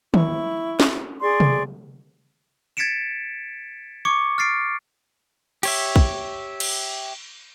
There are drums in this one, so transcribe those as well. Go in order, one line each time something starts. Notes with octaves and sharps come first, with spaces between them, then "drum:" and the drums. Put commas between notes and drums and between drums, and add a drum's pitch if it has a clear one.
E4 C#6, drum: tom D#3
drum: snare
G#4 D5 C6 C#6
drum: tom C3
G#6 A6 B6 C#7 D7 E7
C#6 D6 G#6 C#7
F6 A6 C7 D7
G4 C#5 E5, drum: cymbal
drum: kick
drum: cymbal